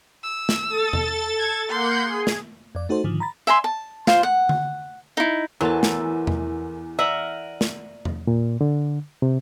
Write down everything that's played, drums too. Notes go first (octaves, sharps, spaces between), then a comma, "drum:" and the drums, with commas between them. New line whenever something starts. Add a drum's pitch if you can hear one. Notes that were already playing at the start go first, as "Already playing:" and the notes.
E6
drum: snare
A4 A6
drum: tom E2
G#6
A#3 F#5 C6 G6
G#4
drum: snare
F2 D5
A3 D#4 F#4 A4 C5
G#2 D3 D#3 F3
A#5 B5 A6
E5 G#5 A#5 C6
A5
F4 C5, drum: snare
F#5
drum: tom D3
D#4 E4
E2 E3 F#3 A4 A#4 A5 C6
drum: snare
drum: tom E2
A#4 D5 E5 F#5 G#5 D#7 F#7
drum: snare
drum: tom E2
A#2
D3
C3